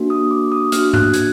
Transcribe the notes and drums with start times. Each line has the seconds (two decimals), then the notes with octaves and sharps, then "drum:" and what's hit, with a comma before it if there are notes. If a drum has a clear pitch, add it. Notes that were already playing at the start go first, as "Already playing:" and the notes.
Already playing: A#3 D4 F#4
0.10 D#6
0.31 D6
0.52 D#6
0.72 A#3 D4 F#4 F6, drum: hi-hat
0.94 F#6, drum: tom G#2
1.14 G#6, drum: hi-hat